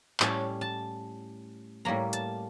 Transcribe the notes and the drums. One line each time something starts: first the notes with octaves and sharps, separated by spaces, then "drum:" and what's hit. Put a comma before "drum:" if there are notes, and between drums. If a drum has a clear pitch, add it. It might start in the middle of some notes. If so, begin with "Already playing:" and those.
A2 G3 C#4 A5, drum: clap
A5
A2 G3 A#3 C#4 A#5
A5, drum: hi-hat